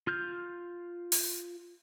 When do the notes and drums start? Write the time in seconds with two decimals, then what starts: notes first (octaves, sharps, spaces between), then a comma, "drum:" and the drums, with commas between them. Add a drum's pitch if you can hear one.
0.07 F4 F6 G6
1.12 drum: open hi-hat